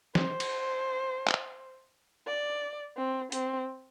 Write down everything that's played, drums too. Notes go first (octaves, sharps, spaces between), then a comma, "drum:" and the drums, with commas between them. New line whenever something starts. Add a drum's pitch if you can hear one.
C5, drum: snare
drum: cymbal
drum: clap
D5
C4
C4, drum: hi-hat